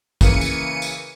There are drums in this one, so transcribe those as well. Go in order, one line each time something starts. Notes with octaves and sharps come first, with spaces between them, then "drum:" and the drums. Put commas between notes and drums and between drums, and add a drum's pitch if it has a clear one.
C#3 E3 A#3 C#7 D#7, drum: kick, tambourine
drum: tambourine
drum: tambourine